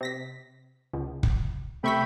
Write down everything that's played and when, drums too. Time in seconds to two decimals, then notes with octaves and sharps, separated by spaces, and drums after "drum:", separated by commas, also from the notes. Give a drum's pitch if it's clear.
0.01 C3 A#6 B6
0.94 C#2
1.23 drum: kick
1.84 C3 A3 E5 G5 B5 C#6 B6